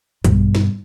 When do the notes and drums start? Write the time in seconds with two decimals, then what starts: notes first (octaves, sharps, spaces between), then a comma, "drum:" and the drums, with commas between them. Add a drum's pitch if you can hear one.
0.24 G2 B2, drum: kick, hi-hat
0.55 drum: snare